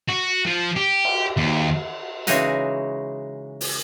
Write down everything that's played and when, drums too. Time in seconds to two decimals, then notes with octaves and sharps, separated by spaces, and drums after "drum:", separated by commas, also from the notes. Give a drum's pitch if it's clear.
0.09 F#4
0.46 F3
0.76 G4
1.05 drum: cymbal
1.37 D#2
2.27 C#3 E3 G#3 D#4 F#4 G#5, drum: hi-hat
3.61 drum: open hi-hat